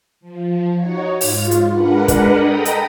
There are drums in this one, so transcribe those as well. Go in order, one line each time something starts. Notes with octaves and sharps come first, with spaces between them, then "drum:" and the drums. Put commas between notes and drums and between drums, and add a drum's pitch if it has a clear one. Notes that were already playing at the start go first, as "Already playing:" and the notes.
F3
D#4 F#4 C#5
G#2 F4, drum: open hi-hat
drum: hi-hat
G#3 D4 A#4 B4 F#5
drum: kick, hi-hat
A4 D#5 G5 A#5 B5 D#6
drum: hi-hat